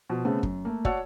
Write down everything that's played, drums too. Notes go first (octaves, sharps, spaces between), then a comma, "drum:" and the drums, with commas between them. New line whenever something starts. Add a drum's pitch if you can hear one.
B2 F3
C#3 A3 B3 C4
F#2, drum: kick
A3 A#3
F#4 C#5 D5 F#5 A5 E6, drum: kick